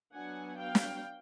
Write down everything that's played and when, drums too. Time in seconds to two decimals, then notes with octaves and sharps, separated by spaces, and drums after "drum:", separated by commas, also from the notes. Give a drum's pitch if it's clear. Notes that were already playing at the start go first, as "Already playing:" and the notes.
0.13 F#3 B3 D4 F#5 G#5
0.57 F5 G5
0.75 drum: snare